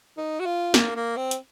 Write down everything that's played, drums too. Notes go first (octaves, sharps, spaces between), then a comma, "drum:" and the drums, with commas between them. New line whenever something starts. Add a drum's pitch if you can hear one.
D#4
F#4
F4
A#3, drum: snare
A#3
C4
drum: hi-hat